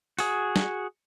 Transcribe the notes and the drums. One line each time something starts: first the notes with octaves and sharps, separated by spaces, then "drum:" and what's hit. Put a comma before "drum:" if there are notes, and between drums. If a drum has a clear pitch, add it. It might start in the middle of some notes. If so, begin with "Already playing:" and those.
F#4 G#4, drum: open hi-hat
drum: snare